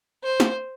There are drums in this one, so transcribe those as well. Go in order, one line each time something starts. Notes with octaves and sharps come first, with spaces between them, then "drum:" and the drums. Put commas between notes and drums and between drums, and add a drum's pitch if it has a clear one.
C5
drum: snare